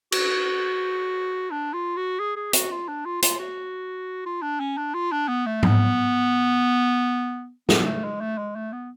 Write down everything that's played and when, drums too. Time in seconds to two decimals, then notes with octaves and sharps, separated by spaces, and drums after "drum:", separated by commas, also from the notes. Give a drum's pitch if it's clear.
0.12 F#4, drum: cymbal
1.51 D4
1.73 F4
1.97 F#4
2.20 G#4
2.36 G#4
2.53 F#4, drum: hi-hat
2.71 F4
2.88 D4
3.05 F4
3.22 F4, drum: hi-hat
3.39 F#4
4.26 F4
4.42 D4
4.60 C#4
4.77 D4
4.94 F4
5.12 D4
5.28 B3
5.46 A3
5.63 B3, drum: tom G#2
7.69 B3, drum: snare
7.86 A3
8.04 G#3
8.21 A3
8.38 G#3
8.56 A3
8.72 B3